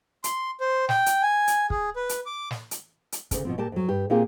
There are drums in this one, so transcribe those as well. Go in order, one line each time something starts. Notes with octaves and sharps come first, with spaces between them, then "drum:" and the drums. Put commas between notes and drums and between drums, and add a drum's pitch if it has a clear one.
C6, drum: hi-hat
C5
G5, drum: snare
drum: hi-hat
G#5
drum: hi-hat
G#4, drum: kick
B4
drum: hi-hat
D6
drum: snare
drum: hi-hat
drum: hi-hat
D2 C#3, drum: kick, hi-hat
B2 F3 C4
A#2 G4 A#4 A5
F2 F#3
G2 G4
A#2 A#3 C4 F4 G4 G#4